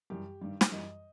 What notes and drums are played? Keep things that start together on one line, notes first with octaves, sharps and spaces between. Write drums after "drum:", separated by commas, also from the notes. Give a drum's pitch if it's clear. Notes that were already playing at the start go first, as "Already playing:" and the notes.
F#2 E3 G3 G4
G2 D#3 G3
drum: snare
F#2 E3 G3 D#5